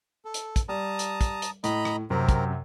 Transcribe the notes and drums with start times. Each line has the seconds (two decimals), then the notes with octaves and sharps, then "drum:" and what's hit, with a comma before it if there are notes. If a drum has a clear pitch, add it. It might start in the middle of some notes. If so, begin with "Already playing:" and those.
0.25 A4
0.34 drum: hi-hat
0.56 drum: kick, hi-hat
0.69 G3 A5 A#5 D#6
0.99 drum: hi-hat
1.21 drum: kick, hi-hat
1.42 drum: hi-hat
1.64 A2 D#5 A#5 B5, drum: hi-hat
1.85 drum: rim click
2.10 F#2 C3 C4 A#4
2.29 drum: kick, hi-hat